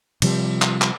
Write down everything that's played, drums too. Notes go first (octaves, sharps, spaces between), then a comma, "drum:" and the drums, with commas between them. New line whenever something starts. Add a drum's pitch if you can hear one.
C3 F3 G3, drum: cymbal
drum: clap
drum: clap